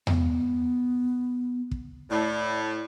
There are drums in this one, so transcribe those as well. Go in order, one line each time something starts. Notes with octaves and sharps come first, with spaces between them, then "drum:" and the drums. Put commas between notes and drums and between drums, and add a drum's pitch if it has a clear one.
B3, drum: tom E2
drum: kick
A2 D5